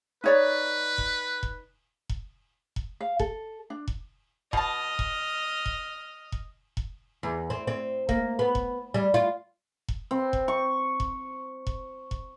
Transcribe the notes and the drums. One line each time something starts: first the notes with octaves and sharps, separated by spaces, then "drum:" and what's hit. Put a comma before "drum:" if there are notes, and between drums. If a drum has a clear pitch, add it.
D#4 B4 C#5 D5
drum: kick E1
drum: kick E1
drum: kick E1
drum: kick E1
F5
A4, drum: kick E1
D4
drum: kick E1
B2 D#5 A5 F6, drum: kick E1
drum: kick E1
drum: kick E1
drum: kick E1
drum: kick E1
E2
C4
C4
A#3, drum: kick E1
B3
drum: kick E1
G3
F4
drum: kick E1
C4
drum: kick E1
C#6
drum: kick E1
drum: kick E1
drum: kick E1